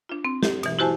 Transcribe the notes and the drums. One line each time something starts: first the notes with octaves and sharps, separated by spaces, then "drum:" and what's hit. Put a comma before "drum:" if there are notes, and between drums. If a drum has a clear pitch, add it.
D4 F4
C4
G4, drum: snare
B2 E3, drum: cymbal
E4 F#4 G4 C5 G#5 A5